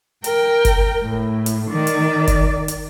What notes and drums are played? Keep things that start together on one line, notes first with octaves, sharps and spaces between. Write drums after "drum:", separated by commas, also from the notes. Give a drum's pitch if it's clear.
A#4 G5, drum: hi-hat
drum: kick F#1, hi-hat
A2
drum: hi-hat
D#3 D5
drum: hi-hat
drum: kick F#1, hi-hat
drum: hi-hat